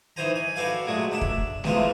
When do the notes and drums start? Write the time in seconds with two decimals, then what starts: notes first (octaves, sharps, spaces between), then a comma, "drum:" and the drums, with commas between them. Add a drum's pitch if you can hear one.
0.16 D#3 E3 C5 G#5 A#5
0.36 G#5
0.56 F#4 A4 B4 D5 F5 G#5
0.86 A#2 F#3 G#3 A3
1.11 D4 E5
1.21 drum: kick
1.64 C3 E3 F3 G#3 A3 F4, drum: snare A3